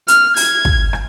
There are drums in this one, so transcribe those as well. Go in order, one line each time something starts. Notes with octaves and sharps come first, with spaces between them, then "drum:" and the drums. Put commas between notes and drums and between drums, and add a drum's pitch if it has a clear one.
F6, drum: hi-hat
G#6, drum: open hi-hat
drum: kick
drum: rim click